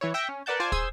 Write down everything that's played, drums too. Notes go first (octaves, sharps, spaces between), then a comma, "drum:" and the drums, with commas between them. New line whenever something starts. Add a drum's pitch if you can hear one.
E3 E4 C#5
E5 G5 A#6 C#7
C#4
A#4 B4 D5 F#5 A5 G6
F4 C5 D5 G#5 A5
G#4 C5 C6 D#6 E6 G#6, drum: kick